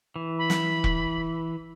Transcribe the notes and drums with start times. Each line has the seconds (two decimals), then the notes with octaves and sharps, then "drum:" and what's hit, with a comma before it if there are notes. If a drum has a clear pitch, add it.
0.16 E3
0.39 B5
0.50 drum: snare
0.84 drum: kick E1